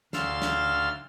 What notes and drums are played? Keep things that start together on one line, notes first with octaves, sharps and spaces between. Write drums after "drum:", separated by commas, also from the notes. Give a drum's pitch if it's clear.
D2 F5 C6 E6 F6 A6, drum: snare
drum: snare